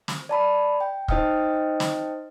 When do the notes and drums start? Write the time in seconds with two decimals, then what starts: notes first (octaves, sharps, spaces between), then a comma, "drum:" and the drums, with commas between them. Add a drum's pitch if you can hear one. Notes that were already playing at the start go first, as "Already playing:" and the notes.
0.08 drum: snare
0.29 D5 A5 B5
0.81 G5
1.08 D#4 C5 D#5 G5 D#6 F6, drum: kick
1.80 drum: snare